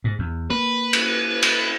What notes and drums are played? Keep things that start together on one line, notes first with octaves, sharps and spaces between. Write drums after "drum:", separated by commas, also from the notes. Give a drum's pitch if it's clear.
G#2
E2
A#3 B4
drum: cymbal
drum: cymbal